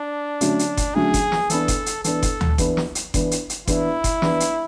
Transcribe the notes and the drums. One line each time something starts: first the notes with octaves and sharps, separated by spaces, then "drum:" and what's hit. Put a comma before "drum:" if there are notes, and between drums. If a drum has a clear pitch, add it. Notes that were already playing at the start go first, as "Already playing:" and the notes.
Already playing: D4
D3 F#3 A3 C#4, drum: hi-hat
drum: hi-hat
drum: kick F#1, hi-hat
D3 F#3 A3 C#4 G#4
drum: kick F#1, hi-hat
drum: snare
E3 B3 D4 A4, drum: hi-hat
drum: kick F#1, hi-hat
drum: hi-hat
E3 B3 D4 A4, drum: hi-hat
drum: kick F#1, hi-hat
drum: tom D2
E3 B3 D4, drum: kick F#1, hi-hat
drum: snare
drum: hi-hat
E3 B3 D4, drum: kick F#1, hi-hat
drum: hi-hat
drum: hi-hat
E3 B3 D4 E4, drum: kick F#1, hi-hat
drum: kick F#1, hi-hat
E3 B3 D4, drum: snare
drum: hi-hat